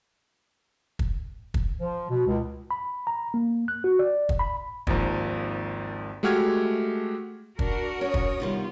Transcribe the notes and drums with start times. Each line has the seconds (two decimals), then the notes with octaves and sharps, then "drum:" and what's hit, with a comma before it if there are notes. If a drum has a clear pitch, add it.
0.99 drum: kick
1.54 drum: kick
1.80 F3
2.10 B2
2.27 C#2
2.71 B5
3.07 A#5
3.34 A#3
3.68 F#6
3.84 F#4
3.99 D5
4.29 drum: kick
4.39 B5
4.87 G#1 D#2 F3 A#5, drum: kick
6.23 G#3 A3 F#4 G4 F6 G#6
7.59 D4 F#4 A#4, drum: kick
8.01 C#4 C#5 C#6 D#6
8.14 drum: kick
8.40 C3 D#3 G3 B3 F4